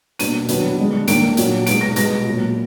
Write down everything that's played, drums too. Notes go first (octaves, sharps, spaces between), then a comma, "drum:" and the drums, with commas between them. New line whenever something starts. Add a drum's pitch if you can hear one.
B2 A#3 D4 D#7, drum: hi-hat
D#3 F#3 B3 D4, drum: hi-hat
D3 G#3 D4
D#3 A#3 D4 D7, drum: hi-hat
A#2 F#3 D4, drum: hi-hat
B2 G#3 D#4 D7, drum: hi-hat
A#6
B2 G#3 B3 A#6, drum: hi-hat
A#2 F#3 A#3